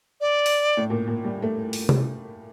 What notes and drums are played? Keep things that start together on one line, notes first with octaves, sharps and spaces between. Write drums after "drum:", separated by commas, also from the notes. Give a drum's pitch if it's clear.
D5
drum: open hi-hat
A2
A#2
A#2
G3
A3
drum: open hi-hat
drum: tom C3